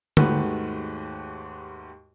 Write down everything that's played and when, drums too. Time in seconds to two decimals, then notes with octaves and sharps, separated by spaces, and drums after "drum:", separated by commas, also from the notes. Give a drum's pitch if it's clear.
0.17 D#2 G#2 A3 F#4 G4 B4, drum: tom